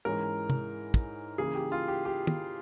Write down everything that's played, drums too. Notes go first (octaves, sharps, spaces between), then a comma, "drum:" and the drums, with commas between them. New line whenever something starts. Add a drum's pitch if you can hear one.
G#2 E3 G#3 C#4 A#4
drum: tom
drum: kick
C#3 E3 A#3 G#4
G4
F4
G4
G4
drum: tom